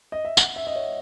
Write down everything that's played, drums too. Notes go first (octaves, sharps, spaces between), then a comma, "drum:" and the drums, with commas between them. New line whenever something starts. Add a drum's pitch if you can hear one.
D#5
E5
F#5, drum: tambourine
E5
D#5
C#5